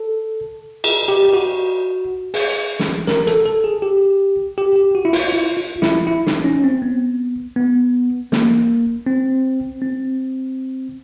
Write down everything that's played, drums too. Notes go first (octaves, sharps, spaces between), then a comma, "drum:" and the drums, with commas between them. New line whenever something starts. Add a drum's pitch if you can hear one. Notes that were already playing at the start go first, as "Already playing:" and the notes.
Already playing: A4
G#4, drum: cymbal
G4
F#4
G#4, drum: open hi-hat
drum: snare
A#4, drum: snare
A4, drum: hi-hat
A4
G#4
G4
G4
G4
F#4
E4
F4, drum: open hi-hat
E4
F4
E4, drum: snare
E4
D#4, drum: snare
C#4
C4
B3
B3
A#3, drum: snare
C4
C4